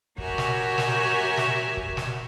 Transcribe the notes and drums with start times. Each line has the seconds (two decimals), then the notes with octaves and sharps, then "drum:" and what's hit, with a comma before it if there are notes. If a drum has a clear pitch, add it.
0.18 F#4 G4 A#4 C#5 E5 G#5, drum: kick
0.38 drum: snare
0.78 drum: snare
1.37 drum: snare
1.77 drum: kick
1.97 drum: snare